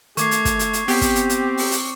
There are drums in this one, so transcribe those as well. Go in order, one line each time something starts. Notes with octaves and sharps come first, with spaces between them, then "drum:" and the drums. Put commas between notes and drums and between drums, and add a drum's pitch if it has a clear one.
D#3 A3 C#6 D6 G#6 C7, drum: hi-hat
drum: hi-hat
drum: kick, hi-hat
drum: hi-hat
drum: hi-hat
B3 C4 G4, drum: open hi-hat
drum: kick, hi-hat
drum: hi-hat
drum: hi-hat
drum: open hi-hat
drum: hi-hat